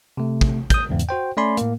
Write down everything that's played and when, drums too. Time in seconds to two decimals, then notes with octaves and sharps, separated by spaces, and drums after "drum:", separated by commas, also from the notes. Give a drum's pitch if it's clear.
0.17 C3 A3
0.41 drum: kick
0.70 D#6 G6, drum: kick, hi-hat
0.89 E2 G#2 C#3
0.99 drum: hi-hat
1.09 F#4 C5 G5
1.37 A3 C#4 D5 G#5 B5 C6
1.57 A2 A#3, drum: hi-hat